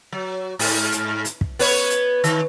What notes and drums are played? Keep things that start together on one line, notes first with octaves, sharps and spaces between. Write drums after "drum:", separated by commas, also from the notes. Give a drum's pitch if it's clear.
F#3
G#2, drum: open hi-hat
drum: hi-hat
drum: hi-hat
drum: kick
B3 B4 C#5, drum: open hi-hat
drum: hi-hat
D#3, drum: hi-hat